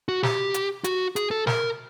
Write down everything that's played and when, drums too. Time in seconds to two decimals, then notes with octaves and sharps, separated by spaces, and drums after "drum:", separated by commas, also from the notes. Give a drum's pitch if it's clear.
0.09 F#4
0.23 G4, drum: snare
0.54 drum: hi-hat
0.84 F#4, drum: hi-hat
1.16 G#4, drum: hi-hat
1.31 A4
1.47 A#4, drum: snare